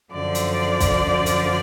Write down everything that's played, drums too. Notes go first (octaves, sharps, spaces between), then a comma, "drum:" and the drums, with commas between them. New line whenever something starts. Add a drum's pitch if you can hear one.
F#2 D3 F3 D5
drum: hi-hat
drum: kick, hi-hat
drum: hi-hat